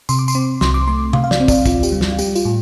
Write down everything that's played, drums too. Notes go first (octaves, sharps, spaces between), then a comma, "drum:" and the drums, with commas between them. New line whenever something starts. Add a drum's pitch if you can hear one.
C3 C6, drum: tambourine
D6
C6, drum: tambourine
C4
C2 C6, drum: snare
D6
A3 C6
C3 F5, drum: tom
F5
D5, drum: snare
C4
D5, drum: kick, tambourine
D2 F4, drum: kick, tambourine
G4, drum: tambourine
G3
F4, drum: snare
F4
G3 G4, drum: tambourine
F4, drum: tambourine
A2